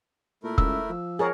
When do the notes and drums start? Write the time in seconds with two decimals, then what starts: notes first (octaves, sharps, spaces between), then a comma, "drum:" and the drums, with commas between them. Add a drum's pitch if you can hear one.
0.44 A#2 A3 E4 A#4
0.58 C#2 E6, drum: kick F1
0.90 F3
1.19 C4 G#4 A#4 C#5 F#5 A5